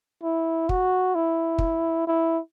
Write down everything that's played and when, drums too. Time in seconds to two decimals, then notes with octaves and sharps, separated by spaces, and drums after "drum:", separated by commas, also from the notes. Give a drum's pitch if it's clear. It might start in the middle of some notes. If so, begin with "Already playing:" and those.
0.23 E4
0.69 F#4, drum: kick
1.15 E4
1.59 drum: kick
2.07 E4